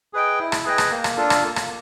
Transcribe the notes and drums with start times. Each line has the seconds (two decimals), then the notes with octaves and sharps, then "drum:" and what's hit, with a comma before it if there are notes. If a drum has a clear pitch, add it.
0.13 G#4 B4 D#5 G5
0.39 E4
0.52 drum: rim click
0.65 G#4 B4 D#5 G5
0.78 drum: rim click
0.91 A#3
1.04 drum: rim click
1.17 D4 F4 A4
1.30 drum: rim click
1.43 A#3
1.56 drum: rim click